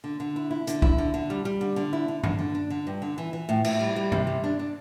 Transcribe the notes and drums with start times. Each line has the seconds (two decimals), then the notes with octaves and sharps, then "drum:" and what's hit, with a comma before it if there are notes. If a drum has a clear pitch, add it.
0.04 D3
0.20 D3
0.36 E4
0.51 E4
0.67 D3, drum: hi-hat
0.82 E4, drum: kick C2
0.98 D3
1.14 D3
1.30 G3
1.45 G3
1.61 D3
1.76 D3
1.93 E4
2.08 D3
2.24 D3, drum: tom G2
2.39 D3
2.55 D4
2.70 D3
2.87 G2
3.02 D3
3.18 E3
3.33 E3
3.49 A2
3.64 A2, drum: cymbal
3.81 G3
3.96 G3
4.12 C3, drum: tom G2
4.27 G3
4.44 D4
4.59 D4